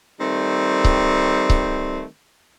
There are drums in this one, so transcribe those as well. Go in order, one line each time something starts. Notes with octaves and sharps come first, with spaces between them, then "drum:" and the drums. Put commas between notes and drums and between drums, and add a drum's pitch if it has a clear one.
D#3 G3 A3 C4
drum: kick C#1
drum: kick C#1